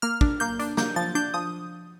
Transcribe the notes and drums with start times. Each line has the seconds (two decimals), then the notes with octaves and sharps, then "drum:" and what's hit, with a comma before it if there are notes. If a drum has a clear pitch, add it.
0.02 A#3 F6
0.21 D4, drum: kick
0.40 A#3 G6
0.59 D4, drum: hi-hat
0.77 A#3 G6, drum: snare
0.96 F3 A6
1.15 D4 G6
1.34 F3 D#6